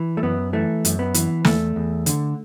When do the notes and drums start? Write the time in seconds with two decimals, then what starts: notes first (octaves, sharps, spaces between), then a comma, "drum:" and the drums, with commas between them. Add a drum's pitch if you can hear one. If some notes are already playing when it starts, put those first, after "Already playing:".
Already playing: E3
0.17 A3
0.23 F#2 B3
0.53 E3 A3
0.85 F#2, drum: hi-hat
0.99 B3
1.14 E3, drum: hi-hat
1.45 E2 A3, drum: snare
1.76 E2
2.06 D3, drum: hi-hat